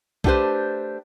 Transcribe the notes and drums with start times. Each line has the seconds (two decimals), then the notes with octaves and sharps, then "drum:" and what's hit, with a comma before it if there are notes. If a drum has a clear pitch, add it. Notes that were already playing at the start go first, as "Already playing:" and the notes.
0.24 A3 D4 F#4 G4 B4 C5, drum: kick B1